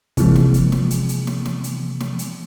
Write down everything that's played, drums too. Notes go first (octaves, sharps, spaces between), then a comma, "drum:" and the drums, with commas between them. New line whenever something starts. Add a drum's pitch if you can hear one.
C3 E3 F3 G#3 A#3, drum: kick, hi-hat
drum: snare
drum: hi-hat
drum: snare
drum: hi-hat
drum: hi-hat
drum: snare
drum: snare
drum: hi-hat
drum: snare
drum: hi-hat